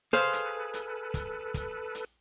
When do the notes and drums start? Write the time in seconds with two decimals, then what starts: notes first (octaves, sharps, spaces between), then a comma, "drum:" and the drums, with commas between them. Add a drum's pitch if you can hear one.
0.13 G#4 A4 B4 C5 F5
0.33 drum: hi-hat
0.74 drum: hi-hat
1.14 drum: kick, hi-hat
1.54 drum: kick, hi-hat
1.95 drum: hi-hat